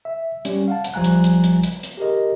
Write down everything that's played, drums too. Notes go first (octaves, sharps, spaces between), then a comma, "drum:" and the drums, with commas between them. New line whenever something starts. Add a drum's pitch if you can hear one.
E5
G3 C#4, drum: hi-hat
F5 F#5 A5
drum: hi-hat
A#1 F3 G3 G#5 A#5 F#6
drum: hi-hat
drum: hi-hat
drum: hi-hat
drum: hi-hat
drum: hi-hat
G4 G#4 A#4 D#5